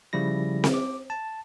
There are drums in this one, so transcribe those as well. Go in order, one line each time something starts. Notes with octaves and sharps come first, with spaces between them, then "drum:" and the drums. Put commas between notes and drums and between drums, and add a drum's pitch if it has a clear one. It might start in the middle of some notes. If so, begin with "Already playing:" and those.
C#3 F3 G3 E4 A#6
drum: snare C4
D6
A5